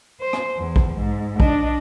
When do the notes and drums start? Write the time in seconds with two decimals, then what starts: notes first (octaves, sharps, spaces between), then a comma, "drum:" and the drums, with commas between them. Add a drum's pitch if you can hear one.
0.21 C5
0.33 drum: rim click
0.57 E2
0.76 drum: kick
0.94 G#2
1.40 D4 D#5, drum: kick